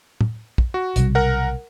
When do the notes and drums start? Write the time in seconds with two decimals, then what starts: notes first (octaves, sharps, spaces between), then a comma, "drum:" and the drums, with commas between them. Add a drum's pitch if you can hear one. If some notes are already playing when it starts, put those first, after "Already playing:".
0.21 drum: tom
0.58 drum: kick
0.74 F#4
0.96 B1 C3 G3, drum: hi-hat
1.15 A#4 F#5